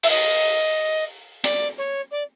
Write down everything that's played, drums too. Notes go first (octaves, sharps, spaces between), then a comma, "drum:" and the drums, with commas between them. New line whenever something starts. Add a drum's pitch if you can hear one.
E5, drum: open hi-hat
D#5
D5, drum: hi-hat
C#5
D5